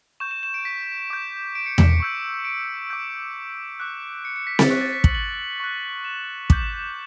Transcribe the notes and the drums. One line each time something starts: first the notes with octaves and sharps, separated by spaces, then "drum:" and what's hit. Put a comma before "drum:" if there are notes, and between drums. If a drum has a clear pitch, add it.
C#6 G6 E7
E7
E7
D7
B6
D6 G6
D7
C#7
B6, drum: tom E2
C#7
C#6 E6 G6
D7
D6 G6
D6 F#6
C#7
C#7
B6
A6, drum: snare C4
C#6 F#6 B6
A6
B6
F#7, drum: kick
F#7
C#6 F#6
E7
D6 G6, drum: kick